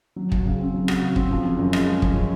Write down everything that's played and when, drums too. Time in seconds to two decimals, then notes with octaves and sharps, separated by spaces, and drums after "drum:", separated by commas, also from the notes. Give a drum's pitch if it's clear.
0.16 F#3
0.32 F#4, drum: kick
0.46 C#3
0.59 C4
0.74 F#3
0.88 F#4, drum: rim click
1.02 C#3
1.16 C4, drum: kick
1.31 F3
1.45 C#4
1.59 F#2
1.73 G#3, drum: rim click
1.87 F3
2.02 C#4, drum: kick